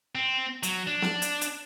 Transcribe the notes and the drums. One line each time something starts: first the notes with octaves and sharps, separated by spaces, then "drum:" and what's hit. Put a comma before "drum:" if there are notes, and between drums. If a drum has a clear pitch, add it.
C4
F#3, drum: hi-hat
D4
drum: snare
drum: hi-hat
drum: hi-hat